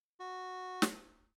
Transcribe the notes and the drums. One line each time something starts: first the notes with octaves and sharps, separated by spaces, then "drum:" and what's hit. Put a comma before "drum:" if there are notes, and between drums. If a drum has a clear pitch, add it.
F#4
drum: snare